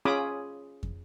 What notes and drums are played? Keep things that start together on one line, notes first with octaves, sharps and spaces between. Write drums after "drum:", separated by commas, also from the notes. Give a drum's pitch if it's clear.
C#4 F4 G#4 B5 D6 D#6
drum: kick